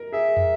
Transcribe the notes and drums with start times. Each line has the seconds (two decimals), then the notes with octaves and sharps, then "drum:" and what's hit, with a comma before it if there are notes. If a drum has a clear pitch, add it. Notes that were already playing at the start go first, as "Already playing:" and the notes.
Already playing: A#4
0.12 G#4 E5
0.37 drum: tom